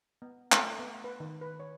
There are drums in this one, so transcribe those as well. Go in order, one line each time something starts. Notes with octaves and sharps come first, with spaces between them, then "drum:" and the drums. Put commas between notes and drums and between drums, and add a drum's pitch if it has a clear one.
B3
A3, drum: clap
B3
B4
D#3
B4
C#5